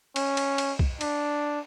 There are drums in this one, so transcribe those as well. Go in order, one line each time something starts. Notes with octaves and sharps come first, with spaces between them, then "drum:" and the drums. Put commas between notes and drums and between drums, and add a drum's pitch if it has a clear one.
C#4, drum: cymbal
drum: cymbal
drum: cymbal
drum: kick C2
D4, drum: cymbal